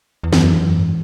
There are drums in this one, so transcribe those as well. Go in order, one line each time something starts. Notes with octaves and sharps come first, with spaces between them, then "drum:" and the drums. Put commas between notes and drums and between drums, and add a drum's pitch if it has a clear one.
E2
F#2 E3, drum: snare
F#2
G#2